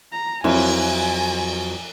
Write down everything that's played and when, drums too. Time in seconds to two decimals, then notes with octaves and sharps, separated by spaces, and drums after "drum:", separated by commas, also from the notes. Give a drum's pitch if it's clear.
0.12 A#5
0.44 F2 F#3 E4 G#5, drum: cymbal